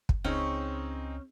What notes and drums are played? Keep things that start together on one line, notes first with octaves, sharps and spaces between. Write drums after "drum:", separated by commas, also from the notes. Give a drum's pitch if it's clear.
drum: kick
C#2 C4 C#4 D#4 G#4